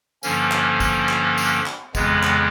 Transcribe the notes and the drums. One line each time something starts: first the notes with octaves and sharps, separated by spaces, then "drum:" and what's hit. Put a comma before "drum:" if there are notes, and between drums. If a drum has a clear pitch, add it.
G2 D3 F3 A#3 C#4, drum: tambourine
drum: clap
drum: kick G#1, tambourine
drum: clap
drum: tambourine
drum: clap
F2 C#3 E3 G#3 B3, drum: kick G#1, tambourine
drum: clap